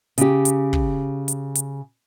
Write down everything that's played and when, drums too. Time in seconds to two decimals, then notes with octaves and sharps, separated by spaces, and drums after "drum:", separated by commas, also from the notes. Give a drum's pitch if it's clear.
0.18 C#3 G4, drum: hi-hat
0.45 drum: hi-hat
0.73 drum: kick
1.28 drum: hi-hat
1.55 drum: hi-hat